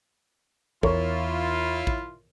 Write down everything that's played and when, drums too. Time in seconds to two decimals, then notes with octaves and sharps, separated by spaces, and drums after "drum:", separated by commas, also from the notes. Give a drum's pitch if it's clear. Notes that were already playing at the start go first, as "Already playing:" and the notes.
0.83 E2 E4 F4 A#4 C#5 C#6, drum: kick
1.87 drum: kick